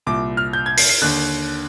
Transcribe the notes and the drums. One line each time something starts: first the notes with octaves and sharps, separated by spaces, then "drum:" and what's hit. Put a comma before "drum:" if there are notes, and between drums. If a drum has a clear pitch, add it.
C2 A#2 D6
F6
G6
G#6
C7, drum: open hi-hat
C7
D#2 D3 F#6